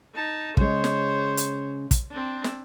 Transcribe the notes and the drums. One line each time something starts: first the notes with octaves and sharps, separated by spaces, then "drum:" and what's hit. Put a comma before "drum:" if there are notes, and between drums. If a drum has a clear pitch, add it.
D#4 A5
C#3 G#3 C5 C#5, drum: kick
drum: snare
drum: hi-hat
drum: kick, hi-hat
C4 D4
drum: snare